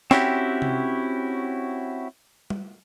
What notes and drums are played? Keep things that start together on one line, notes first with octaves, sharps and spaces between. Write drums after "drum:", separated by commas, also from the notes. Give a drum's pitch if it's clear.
C4 C#4 E4 F#4 G4, drum: snare
drum: tom C3
drum: tom G3